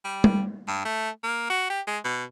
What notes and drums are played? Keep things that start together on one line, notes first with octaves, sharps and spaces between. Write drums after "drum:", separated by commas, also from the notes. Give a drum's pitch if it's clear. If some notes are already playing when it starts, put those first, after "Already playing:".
G3
drum: tom G3
G2
A3
A#3
F#4
G4
G#3
B2